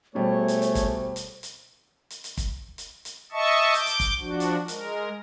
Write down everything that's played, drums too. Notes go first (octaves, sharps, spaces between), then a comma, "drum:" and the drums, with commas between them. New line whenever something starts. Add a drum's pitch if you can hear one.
B2 G3 A3 G#4 A4 C5 C#5
drum: hi-hat
drum: hi-hat
drum: kick, hi-hat
drum: hi-hat
drum: hi-hat
drum: hi-hat
drum: hi-hat
drum: kick, hi-hat
drum: hi-hat
drum: hi-hat
D#5 E5 A5 C#6
D6 G6, drum: hi-hat
drum: hi-hat
drum: kick, hi-hat
F3 D4 F#4
drum: hi-hat
G#3 A#4, drum: hi-hat